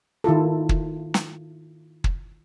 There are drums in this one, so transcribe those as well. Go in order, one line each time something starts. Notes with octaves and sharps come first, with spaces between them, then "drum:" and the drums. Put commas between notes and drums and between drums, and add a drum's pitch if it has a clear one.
D#3 E4 F4 A4
drum: kick
drum: snare
drum: kick